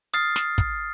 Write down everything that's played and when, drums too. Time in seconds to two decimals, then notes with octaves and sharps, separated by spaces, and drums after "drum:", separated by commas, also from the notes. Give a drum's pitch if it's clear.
0.14 D#6 F6 A6 C7, drum: hi-hat
0.36 drum: snare
0.58 drum: kick, hi-hat